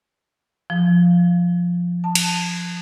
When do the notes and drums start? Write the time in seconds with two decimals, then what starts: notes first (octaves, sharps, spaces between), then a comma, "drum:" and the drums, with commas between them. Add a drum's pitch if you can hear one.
0.70 F3
2.04 A5
2.15 drum: cymbal